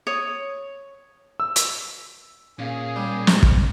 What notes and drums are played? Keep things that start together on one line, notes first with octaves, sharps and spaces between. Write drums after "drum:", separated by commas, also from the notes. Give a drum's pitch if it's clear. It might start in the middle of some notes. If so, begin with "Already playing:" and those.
C#5 D#6
E6
drum: hi-hat
A#2 C#4 G#4 F5
G3
drum: snare
drum: kick